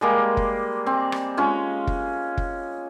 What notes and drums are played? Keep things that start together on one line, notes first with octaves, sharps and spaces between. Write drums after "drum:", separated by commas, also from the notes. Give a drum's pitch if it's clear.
G3 G#3 A#3
drum: kick F#1
C4
drum: rim click
G#3 C#4 F4
drum: kick F#1
drum: kick F#1